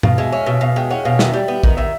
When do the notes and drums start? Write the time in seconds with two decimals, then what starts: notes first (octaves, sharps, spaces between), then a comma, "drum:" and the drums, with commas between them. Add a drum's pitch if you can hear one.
0.03 B2 F5, drum: tom G2
0.18 G#3 E5
0.32 C#4 E5
0.46 B2 E5
0.61 B2 F5
0.76 G#3 G5
0.91 C#4 F#5
1.05 B2 F5
1.19 D#3 E5, drum: snare
1.33 G3
1.48 B3
1.64 D#3, drum: kick
1.77 D#3 E5